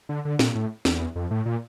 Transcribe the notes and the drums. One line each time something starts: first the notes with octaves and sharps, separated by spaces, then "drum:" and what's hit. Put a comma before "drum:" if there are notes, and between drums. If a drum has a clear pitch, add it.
D3
D3
A#2, drum: snare
A2
E2, drum: snare
F2
A2
A#2